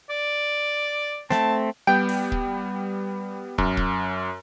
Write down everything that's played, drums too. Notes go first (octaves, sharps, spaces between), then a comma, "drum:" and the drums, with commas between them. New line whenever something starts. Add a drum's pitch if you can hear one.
D5
A3 C4 A5, drum: snare
G3 B3 G5
drum: open hi-hat
drum: kick
F#2, drum: kick
drum: kick